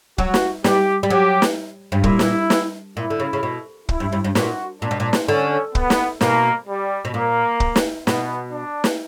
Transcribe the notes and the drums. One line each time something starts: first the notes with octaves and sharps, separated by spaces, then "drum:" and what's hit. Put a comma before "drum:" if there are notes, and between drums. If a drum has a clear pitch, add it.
F#3 F#4, drum: kick
drum: snare
G3 G4, drum: snare
G3
F#3 G4
drum: snare
G2
A#2 E4, drum: kick
drum: snare
drum: snare
A#2 E4
D3
C#3
C#3
B2
E4, drum: kick
G2
G2
G2
A#2 F#4, drum: snare
A#2 D4
B2
A#2
drum: snare
D3 C#4
B3, drum: kick
drum: snare
B2 A#3, drum: snare
G3
B2
A#2 A#3
drum: kick
drum: snare
B2 B3, drum: snare
D4
drum: snare